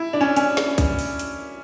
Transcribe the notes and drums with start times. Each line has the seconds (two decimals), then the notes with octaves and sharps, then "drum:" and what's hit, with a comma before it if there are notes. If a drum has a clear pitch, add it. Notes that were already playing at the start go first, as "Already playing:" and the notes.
Already playing: E4
0.13 D4
0.21 C#4
0.36 C#4, drum: hi-hat
0.57 drum: snare
0.78 drum: kick, hi-hat
0.99 drum: open hi-hat
1.19 drum: hi-hat